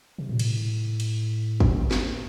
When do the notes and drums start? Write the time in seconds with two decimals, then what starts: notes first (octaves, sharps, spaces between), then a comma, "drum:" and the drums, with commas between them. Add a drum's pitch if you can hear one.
0.18 C3
0.29 A#2
0.39 A2, drum: cymbal
1.00 drum: cymbal
1.60 drum: kick
1.91 drum: snare